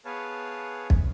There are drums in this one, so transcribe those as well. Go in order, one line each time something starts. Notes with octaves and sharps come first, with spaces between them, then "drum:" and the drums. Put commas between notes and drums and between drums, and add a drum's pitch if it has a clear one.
B3 G#4 B4 C#5 F5 A5
drum: kick